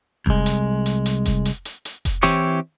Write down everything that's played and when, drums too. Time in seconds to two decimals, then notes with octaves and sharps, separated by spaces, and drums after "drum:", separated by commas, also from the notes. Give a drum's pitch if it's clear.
0.26 C2 G#3, drum: kick F1
0.46 drum: hi-hat
0.86 drum: hi-hat
1.06 drum: hi-hat
1.25 drum: kick F1, hi-hat
1.45 drum: hi-hat
1.65 drum: hi-hat
1.85 drum: hi-hat
2.05 drum: kick F1, hi-hat
2.23 E3 C4 E4 G4 C#5, drum: hi-hat